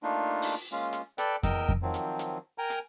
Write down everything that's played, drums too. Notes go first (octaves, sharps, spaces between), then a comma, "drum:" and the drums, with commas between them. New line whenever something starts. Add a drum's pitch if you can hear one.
A3 A#3 D4 D#4 F4
drum: open hi-hat
G#3 A#3 C#4 F4
drum: hi-hat
A4 B4 D5 G5, drum: hi-hat
E2 A#4 D#5 G5 E6, drum: kick F2, hi-hat
drum: kick F2
D#3 F3 F#3 C4
drum: hi-hat
drum: hi-hat
A#4 G5 G#5 A#5
drum: hi-hat